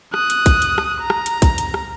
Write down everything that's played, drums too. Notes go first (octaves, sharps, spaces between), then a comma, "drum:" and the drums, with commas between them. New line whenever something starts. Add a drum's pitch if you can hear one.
D#6 F#6, drum: rim click
drum: hi-hat
drum: kick, hi-hat
drum: hi-hat
drum: rim click
A#5
drum: rim click
drum: hi-hat
drum: kick, hi-hat
drum: hi-hat
drum: rim click